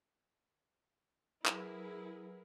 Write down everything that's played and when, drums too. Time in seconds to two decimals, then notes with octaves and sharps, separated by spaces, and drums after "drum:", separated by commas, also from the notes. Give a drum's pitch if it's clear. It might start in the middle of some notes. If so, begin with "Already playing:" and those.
1.46 F#3 E4 G#4 A#4 B4, drum: clap